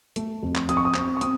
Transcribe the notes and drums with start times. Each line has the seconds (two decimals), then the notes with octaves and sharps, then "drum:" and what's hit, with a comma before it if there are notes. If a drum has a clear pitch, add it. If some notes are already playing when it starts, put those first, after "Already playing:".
0.16 A3, drum: hi-hat
0.43 F2
0.55 drum: clap
0.69 F2 D#6, drum: hi-hat
0.77 C#6
0.85 D#6
0.94 C4, drum: clap
1.17 C#6
1.21 C4 D#6, drum: hi-hat